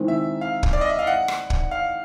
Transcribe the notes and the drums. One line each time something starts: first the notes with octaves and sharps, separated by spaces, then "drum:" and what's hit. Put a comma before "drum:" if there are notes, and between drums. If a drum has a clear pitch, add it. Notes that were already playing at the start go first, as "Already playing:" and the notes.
Already playing: D#3 G#3 C4 E4
E5
F5
drum: kick
D5
D#5
E5
F5
F#5
drum: rim click
drum: kick
F5